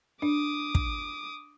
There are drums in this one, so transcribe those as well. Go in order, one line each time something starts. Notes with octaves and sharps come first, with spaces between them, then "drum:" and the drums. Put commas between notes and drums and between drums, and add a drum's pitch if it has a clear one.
D4 D6 D#6
drum: kick